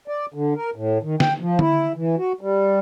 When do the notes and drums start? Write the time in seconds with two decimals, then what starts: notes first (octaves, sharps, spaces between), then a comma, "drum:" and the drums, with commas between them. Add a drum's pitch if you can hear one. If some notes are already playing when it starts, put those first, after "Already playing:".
0.08 D5
0.34 D3
0.56 A#4
0.76 A2
1.03 D#3
1.20 G5, drum: snare
1.40 F3
1.59 E4, drum: tom D3
1.96 E3
2.18 F#4
2.41 G3